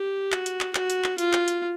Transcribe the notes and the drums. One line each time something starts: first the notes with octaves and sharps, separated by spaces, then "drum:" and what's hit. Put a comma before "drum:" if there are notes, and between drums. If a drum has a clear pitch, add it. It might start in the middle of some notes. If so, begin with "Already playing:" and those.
Already playing: G4
F#4, drum: clap
drum: hi-hat
drum: clap
F#4, drum: clap
drum: hi-hat
drum: clap
F4, drum: hi-hat
drum: clap
drum: hi-hat